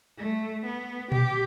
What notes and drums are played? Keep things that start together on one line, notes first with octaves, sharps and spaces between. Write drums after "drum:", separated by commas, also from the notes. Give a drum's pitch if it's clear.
A3
B3
G4, drum: tom A#2